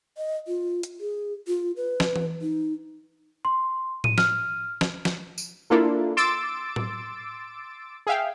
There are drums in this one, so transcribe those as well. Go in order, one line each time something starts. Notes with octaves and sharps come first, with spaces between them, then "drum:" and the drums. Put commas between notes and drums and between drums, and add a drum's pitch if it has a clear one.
D#5
F4
drum: hi-hat
G#4
F4
B4
drum: snare
drum: tom E3
D#4
C6
D#7, drum: tom A2
F6, drum: snare
drum: snare
drum: snare
drum: tambourine
A#3 D4 E4 F4 A4
C6 D6 E6 A6 D7
drum: tom A2
G#4 E5 F5 G5